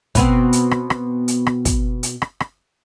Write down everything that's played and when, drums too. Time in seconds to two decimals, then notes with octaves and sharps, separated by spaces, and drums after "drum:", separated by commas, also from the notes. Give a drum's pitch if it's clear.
0.15 B2 B3 C4, drum: kick, hi-hat
0.53 drum: hi-hat
0.71 drum: rim click
0.90 drum: rim click
1.28 drum: hi-hat
1.47 drum: rim click
1.65 drum: kick, hi-hat
2.03 drum: hi-hat
2.22 drum: rim click
2.40 drum: rim click